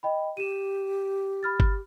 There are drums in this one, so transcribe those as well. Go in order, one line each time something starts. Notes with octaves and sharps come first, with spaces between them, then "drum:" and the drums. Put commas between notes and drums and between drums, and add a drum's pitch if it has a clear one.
D#5 G5 B5
G4 D#7 E7
B5 F6 A6
drum: kick G1